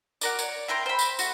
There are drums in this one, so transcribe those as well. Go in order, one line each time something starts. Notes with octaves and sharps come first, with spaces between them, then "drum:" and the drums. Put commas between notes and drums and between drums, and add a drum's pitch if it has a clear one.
F#4 A#4 D5, drum: tambourine
C#5 D5, drum: tambourine
E4 A#4 G5 C6
C5 B5
drum: tambourine
A3 F#4, drum: tambourine